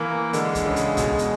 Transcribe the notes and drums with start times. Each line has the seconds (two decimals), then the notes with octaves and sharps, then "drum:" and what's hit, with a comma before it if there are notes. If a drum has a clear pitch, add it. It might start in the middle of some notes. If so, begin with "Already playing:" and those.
Already playing: E3 A#3
0.33 D3 G#3, drum: hi-hat
0.55 drum: kick, hi-hat
0.66 C#3
0.76 drum: hi-hat
0.97 B2, drum: kick, hi-hat
1.19 drum: hi-hat